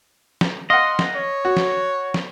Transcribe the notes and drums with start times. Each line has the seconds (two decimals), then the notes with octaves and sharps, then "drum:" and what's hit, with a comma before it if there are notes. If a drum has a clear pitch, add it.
0.41 drum: snare
0.70 D#5 F5 F#5 C6
0.99 drum: snare
1.15 C#5
1.45 F#4
1.57 drum: snare
2.14 drum: snare